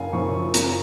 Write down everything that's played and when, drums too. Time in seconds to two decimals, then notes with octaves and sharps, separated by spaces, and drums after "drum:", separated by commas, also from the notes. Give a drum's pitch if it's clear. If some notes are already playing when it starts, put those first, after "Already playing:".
Already playing: F#1 F5 G#5
0.13 F#2 F3 C#6
0.54 F#1 A#5, drum: hi-hat